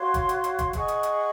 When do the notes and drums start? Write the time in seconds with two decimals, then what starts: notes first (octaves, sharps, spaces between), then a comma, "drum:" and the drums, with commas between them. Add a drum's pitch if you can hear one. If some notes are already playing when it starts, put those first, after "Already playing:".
Already playing: F#4 C#5 F5 C6
0.14 drum: kick, hi-hat
0.29 drum: hi-hat
0.44 drum: hi-hat
0.59 drum: kick, hi-hat
0.73 G#4 D#5 F#5 C#6, drum: kick, hi-hat
0.88 drum: hi-hat
1.03 drum: hi-hat